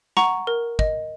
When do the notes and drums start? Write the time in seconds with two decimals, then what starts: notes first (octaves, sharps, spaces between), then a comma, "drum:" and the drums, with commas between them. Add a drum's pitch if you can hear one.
0.17 F#5 A#5 C#6, drum: snare
0.47 A#4
0.79 D#5, drum: kick